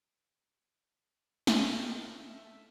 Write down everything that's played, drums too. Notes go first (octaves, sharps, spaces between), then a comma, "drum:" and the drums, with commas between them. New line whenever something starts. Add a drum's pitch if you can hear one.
drum: snare
A4 B4 C5 D#5 F5 G5
A3 E5